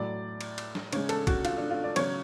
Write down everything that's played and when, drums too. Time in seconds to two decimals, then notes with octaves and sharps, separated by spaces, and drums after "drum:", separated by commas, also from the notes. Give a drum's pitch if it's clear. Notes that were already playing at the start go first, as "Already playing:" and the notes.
Already playing: A2 F#3 D5
0.41 drum: cymbal
0.58 drum: cymbal
0.75 drum: snare
0.93 C#3 G#3 C#5, drum: cymbal
1.09 A4, drum: cymbal
1.27 F#4, drum: kick, cymbal
1.45 F4, drum: cymbal
1.58 D4
1.70 F4
1.84 D5
1.96 C#3 F#3 C#5, drum: cymbal